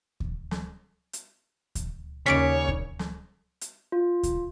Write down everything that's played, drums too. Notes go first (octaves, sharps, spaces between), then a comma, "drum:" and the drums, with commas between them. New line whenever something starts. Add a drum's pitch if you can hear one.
drum: kick D2
drum: snare
drum: hi-hat
drum: kick D2, hi-hat
D#2 C#3 C#4 C#5 D5 B6 C#7 D7
drum: kick D2
drum: snare
drum: hi-hat
F4
drum: kick D2, hi-hat